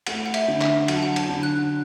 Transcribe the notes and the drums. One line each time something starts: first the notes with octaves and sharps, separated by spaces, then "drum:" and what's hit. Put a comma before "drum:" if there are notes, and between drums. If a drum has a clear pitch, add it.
A3 F#5, drum: cymbal
F#5
E5, drum: cymbal
D3
E5, drum: clap
F#3 F#5, drum: cymbal
A5
F#5
A5, drum: cymbal
D3
F#6